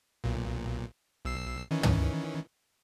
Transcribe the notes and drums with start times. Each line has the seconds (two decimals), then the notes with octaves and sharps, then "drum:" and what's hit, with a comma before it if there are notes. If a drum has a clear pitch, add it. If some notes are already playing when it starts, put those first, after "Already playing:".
0.24 B1 A#2
1.25 B1 E6 C7
1.71 D#3 E3 C#4
1.83 drum: tom